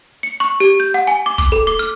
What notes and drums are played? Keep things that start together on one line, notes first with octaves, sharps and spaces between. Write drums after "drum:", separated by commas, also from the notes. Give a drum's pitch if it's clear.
C#7
C#6
G4
G6
F#5
G#5
D6
D6, drum: kick, hi-hat
A4
D6
F6